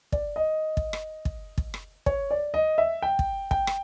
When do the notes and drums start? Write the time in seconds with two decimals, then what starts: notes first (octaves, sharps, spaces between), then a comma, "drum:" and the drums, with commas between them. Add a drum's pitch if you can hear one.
0.12 D5, drum: kick
0.36 D#5
0.77 drum: kick
0.93 drum: rim click
1.25 drum: kick
1.58 drum: kick
1.74 drum: rim click
2.06 C#5, drum: kick
2.31 D5
2.54 D#5
2.78 E5
3.02 G5
3.19 drum: kick
3.51 G5, drum: kick
3.67 drum: rim click